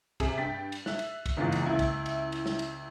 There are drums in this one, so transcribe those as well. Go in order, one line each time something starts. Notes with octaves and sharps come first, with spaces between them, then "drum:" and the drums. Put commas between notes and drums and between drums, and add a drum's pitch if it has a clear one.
C3 G#4, drum: kick, cymbal
G2 G5 A6 B6
drum: cymbal
E5 F#6, drum: snare
drum: cymbal
drum: kick, cymbal
F#1 E2 G#2 E3 F4 A6
drum: cymbal
C#2 E4
drum: kick, cymbal
drum: cymbal
drum: cymbal
drum: snare
drum: cymbal